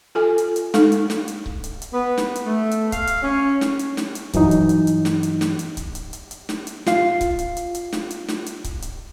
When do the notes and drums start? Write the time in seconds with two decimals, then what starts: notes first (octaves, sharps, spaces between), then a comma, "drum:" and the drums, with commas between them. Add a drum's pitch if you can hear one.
0.15 F4 A4 G#5
0.38 drum: hi-hat
0.56 drum: hi-hat
0.74 G#3 D#4 A4, drum: snare
0.92 drum: hi-hat
1.10 drum: snare
1.28 drum: hi-hat
1.46 drum: kick C#1
1.64 drum: hi-hat
1.82 drum: hi-hat
1.92 B3
2.18 drum: snare
2.35 drum: hi-hat
2.45 A3
2.71 drum: hi-hat
2.92 F5, drum: kick C#1, hi-hat
3.07 drum: hi-hat
3.21 C#4
3.61 drum: snare
3.79 drum: hi-hat
3.97 drum: snare
4.15 drum: hi-hat
4.33 G2 E3 F#3 D#4, drum: kick C#1, hi-hat
4.51 drum: hi-hat
4.69 drum: hi-hat
4.87 drum: hi-hat
5.05 drum: snare
5.23 drum: hi-hat
5.41 drum: snare
5.59 drum: hi-hat
5.77 drum: kick C#1, hi-hat
5.95 drum: hi-hat
6.13 drum: hi-hat
6.31 drum: hi-hat
6.49 drum: snare
6.67 drum: hi-hat
6.87 F4 F5, drum: snare
7.21 drum: kick C#1, hi-hat
7.39 drum: hi-hat
7.57 drum: hi-hat
7.75 drum: hi-hat
7.93 drum: snare
8.10 drum: hi-hat
8.28 drum: snare
8.46 drum: hi-hat
8.64 drum: kick C#1, hi-hat
8.82 drum: hi-hat